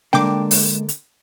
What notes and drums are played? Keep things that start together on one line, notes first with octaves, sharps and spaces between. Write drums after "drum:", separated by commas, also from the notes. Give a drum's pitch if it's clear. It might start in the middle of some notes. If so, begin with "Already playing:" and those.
D3 G#3 A#3 D4 G5 D6, drum: snare G3
drum: open hi-hat
drum: hi-hat